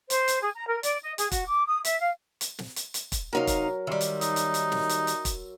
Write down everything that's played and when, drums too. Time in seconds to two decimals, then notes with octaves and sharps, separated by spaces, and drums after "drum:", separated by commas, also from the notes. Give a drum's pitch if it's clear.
0.10 C5, drum: hi-hat
0.28 drum: hi-hat
0.41 G#4
0.55 A#5
0.67 A#4
0.83 D5, drum: hi-hat
1.02 D#5
1.18 G#4, drum: hi-hat
1.31 F#4, drum: kick E1, hi-hat
1.46 D6
1.66 D#6
1.85 E5, drum: hi-hat
1.99 F5
2.41 drum: hi-hat
2.59 drum: snare
2.76 drum: hi-hat
2.94 drum: hi-hat
3.12 drum: kick E1, hi-hat
3.33 C3 F#3 D#4 A#4 F5
3.47 drum: kick E1, hi-hat
3.87 D#3 G3 E5 C6 D6
4.01 drum: hi-hat
4.21 D#4, drum: hi-hat
4.36 drum: hi-hat
4.54 drum: hi-hat
4.72 drum: snare
4.89 drum: hi-hat
5.07 drum: hi-hat
5.25 drum: kick E1, hi-hat